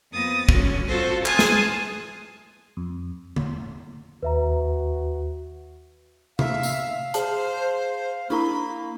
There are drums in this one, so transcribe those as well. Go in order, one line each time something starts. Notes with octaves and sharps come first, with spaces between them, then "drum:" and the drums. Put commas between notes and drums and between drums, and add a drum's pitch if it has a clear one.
F2 A#3 B3 D#6 A6 A#6
G2 D3 C#4 F#4, drum: kick
C4 F4 F#4 A4 C5
G#5 A5 C6 D#6 F6 F#6, drum: clap
drum: snare
F2
drum: tom D3
D#2 F#4 B4 E5 A#5
E5 F5, drum: tom C3
drum: tambourine
G#4 C5 A5, drum: hi-hat
A#3 D4 E4 A#5 B5